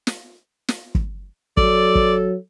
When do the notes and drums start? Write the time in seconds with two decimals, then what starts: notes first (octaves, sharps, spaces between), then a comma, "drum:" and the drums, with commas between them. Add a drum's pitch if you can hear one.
0.07 drum: snare
0.68 drum: snare
0.95 drum: kick
1.57 F#3 A4 D5, drum: kick
1.95 drum: kick